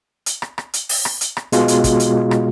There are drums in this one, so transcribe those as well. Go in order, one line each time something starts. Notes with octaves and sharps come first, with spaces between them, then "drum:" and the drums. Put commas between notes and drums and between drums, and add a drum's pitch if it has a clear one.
drum: hi-hat
drum: rim click
drum: rim click
drum: hi-hat
drum: open hi-hat
drum: rim click
drum: hi-hat
drum: rim click
B2 G#3 F4, drum: hi-hat
drum: hi-hat
drum: kick, hi-hat
drum: hi-hat
drum: rim click